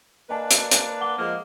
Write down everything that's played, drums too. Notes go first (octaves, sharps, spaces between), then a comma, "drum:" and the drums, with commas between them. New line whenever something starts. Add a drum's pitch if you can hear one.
A#3 D4 B4 D#5 G#5 A5
drum: hi-hat
drum: hi-hat
F#5 D6 G7
F3 G#3 A#3